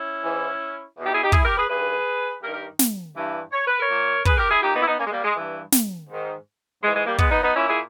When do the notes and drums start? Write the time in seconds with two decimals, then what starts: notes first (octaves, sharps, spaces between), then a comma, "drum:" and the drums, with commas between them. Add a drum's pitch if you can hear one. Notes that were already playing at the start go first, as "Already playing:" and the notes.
Already playing: C#4 E4
0.22 G#2 E3
0.96 E2 B2
1.05 D#4 G4
1.14 E4 G#4
1.23 D#4 G4
1.32 E4 G#4, drum: kick
1.44 G4 A#4
1.57 G#4 B4
1.69 G2 D#3 G#4 B4
2.42 G2 D#3 G4 A#4
2.54 G4 A#4
2.79 drum: snare
3.16 G2 E3
3.52 C#5
3.67 B4
3.80 A#4 C#5
3.89 A#2
4.25 G#4 B4, drum: kick
4.37 G4 A#4
4.50 E4 G#4
4.62 A#2 D#4 G4
4.74 B3 D#4
4.81 E4
4.86 B3 D#4
4.98 A#3 C#4
5.05 G#3
5.11 G3 A#3
5.23 G#3
5.36 G2 E3
5.72 drum: snare
6.09 G#2 D#3
6.82 G#2 E3 G#3
6.95 G#3
7.06 G3 A#3
7.18 G#3 B3, drum: kick
7.31 B3 D#4
7.43 B3 D#4
7.55 A#2 C#4 E4
7.68 E4 G#4